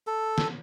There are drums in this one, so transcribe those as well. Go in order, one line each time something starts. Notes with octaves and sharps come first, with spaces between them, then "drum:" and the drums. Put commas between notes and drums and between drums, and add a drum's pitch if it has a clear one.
A4
drum: snare